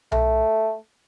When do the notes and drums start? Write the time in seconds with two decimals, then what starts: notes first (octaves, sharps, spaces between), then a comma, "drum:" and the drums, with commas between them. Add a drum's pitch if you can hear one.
0.12 A3, drum: tom B1